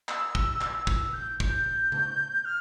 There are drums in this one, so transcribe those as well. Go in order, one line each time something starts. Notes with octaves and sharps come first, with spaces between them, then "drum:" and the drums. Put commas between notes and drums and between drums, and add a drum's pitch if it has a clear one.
E6, drum: clap
drum: kick
drum: clap
E6, drum: kick
G6
G6, drum: kick
drum: tom C#3
F6